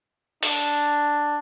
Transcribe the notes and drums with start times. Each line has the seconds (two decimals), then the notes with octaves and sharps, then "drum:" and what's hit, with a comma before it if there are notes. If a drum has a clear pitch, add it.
0.43 D4, drum: open hi-hat